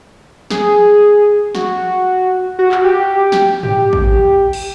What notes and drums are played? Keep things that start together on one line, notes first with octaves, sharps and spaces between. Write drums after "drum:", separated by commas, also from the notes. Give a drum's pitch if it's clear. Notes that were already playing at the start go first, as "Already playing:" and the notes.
G#4, drum: snare
F#4, drum: snare
F#4
drum: clap
G4
drum: snare
G4, drum: tom G#2
drum: kick
drum: cymbal